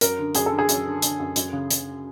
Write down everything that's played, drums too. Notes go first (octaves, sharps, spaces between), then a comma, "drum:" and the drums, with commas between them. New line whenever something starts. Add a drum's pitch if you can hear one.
F#2 A#4, drum: hi-hat
D3
F#2 G#4, drum: hi-hat
A4
D3
G#4
F#2, drum: hi-hat
D3
D3, drum: hi-hat
F#2
F#2, drum: hi-hat
C#3
C#3, drum: hi-hat